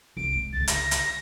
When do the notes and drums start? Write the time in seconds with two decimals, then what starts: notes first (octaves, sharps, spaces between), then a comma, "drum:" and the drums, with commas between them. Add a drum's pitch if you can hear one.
0.17 C2 D7
0.35 G#3
0.52 C#2 D3 A6
0.68 A#6, drum: hi-hat
0.91 drum: hi-hat
1.06 A#6